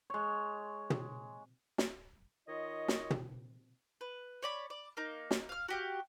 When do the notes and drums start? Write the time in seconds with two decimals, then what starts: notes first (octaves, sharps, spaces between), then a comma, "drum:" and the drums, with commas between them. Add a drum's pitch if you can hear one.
0.10 G#3 C#5
0.90 drum: tom
1.78 drum: snare
2.48 D#3 F4 C#5 D#5
2.88 drum: snare
3.10 drum: tom
4.01 B4
4.43 C#5 D5 B5
4.70 D5
4.97 A#3 D#4
5.31 drum: snare
5.49 F5 F6
5.68 F#4 G4 F5